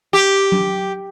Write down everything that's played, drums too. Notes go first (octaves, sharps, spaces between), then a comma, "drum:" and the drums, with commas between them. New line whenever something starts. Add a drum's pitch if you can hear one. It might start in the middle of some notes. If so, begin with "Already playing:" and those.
G4
drum: tom F#3